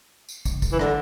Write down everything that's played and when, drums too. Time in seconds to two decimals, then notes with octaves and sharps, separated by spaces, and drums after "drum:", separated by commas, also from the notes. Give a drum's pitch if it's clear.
0.29 drum: tambourine
0.45 drum: kick, tambourine
0.62 drum: kick, tambourine
0.72 E3
0.79 D3, drum: rim click